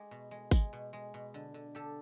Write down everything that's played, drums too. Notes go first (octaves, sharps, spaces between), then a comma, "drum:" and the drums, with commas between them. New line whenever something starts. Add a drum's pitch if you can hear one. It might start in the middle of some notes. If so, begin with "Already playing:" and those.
Already playing: G#3 G4
B2
G#3
G#3, drum: kick G#1, tambourine
B2
G#3
B2
D3
D3
D3 G4 A4